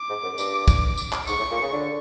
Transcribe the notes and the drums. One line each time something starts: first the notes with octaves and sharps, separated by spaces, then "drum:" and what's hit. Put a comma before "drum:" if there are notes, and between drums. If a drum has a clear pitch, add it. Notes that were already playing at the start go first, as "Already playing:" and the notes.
Already playing: D6
G#2
F#2
G2, drum: tambourine
drum: kick, tambourine
drum: tambourine
drum: clap
G#2 C#6, drum: tambourine
A2
A#2
C#3
D3